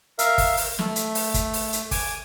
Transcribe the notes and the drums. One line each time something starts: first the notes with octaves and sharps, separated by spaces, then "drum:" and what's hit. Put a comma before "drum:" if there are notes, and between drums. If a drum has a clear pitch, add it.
A#4 E5 F5, drum: hi-hat
drum: kick, open hi-hat
drum: open hi-hat
A3, drum: snare
drum: hi-hat
drum: open hi-hat
drum: kick, hi-hat
drum: open hi-hat
drum: hi-hat
G#5 D6, drum: kick, open hi-hat